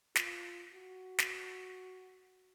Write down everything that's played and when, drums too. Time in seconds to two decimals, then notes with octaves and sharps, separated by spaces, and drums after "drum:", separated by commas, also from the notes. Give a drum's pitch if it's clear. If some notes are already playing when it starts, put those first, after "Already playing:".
0.15 F4, drum: snare
0.73 F#4
1.18 drum: snare